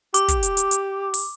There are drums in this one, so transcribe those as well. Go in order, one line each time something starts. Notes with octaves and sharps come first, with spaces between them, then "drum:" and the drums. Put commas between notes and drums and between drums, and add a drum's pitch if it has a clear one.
G4 D6, drum: hi-hat
drum: kick, hi-hat
drum: hi-hat
drum: hi-hat
drum: hi-hat
drum: open hi-hat